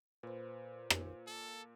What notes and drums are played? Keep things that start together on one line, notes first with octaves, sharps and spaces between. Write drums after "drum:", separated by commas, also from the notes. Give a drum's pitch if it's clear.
A#2 B4 C5
drum: rim click
A4